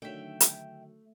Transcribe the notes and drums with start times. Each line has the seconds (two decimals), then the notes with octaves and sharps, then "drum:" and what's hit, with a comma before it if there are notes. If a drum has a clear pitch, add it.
0.02 D3 D#3 F#3 A3 E5 G5
0.40 drum: hi-hat